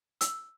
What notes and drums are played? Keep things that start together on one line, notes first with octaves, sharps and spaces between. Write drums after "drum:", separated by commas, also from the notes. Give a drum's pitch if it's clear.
E6, drum: hi-hat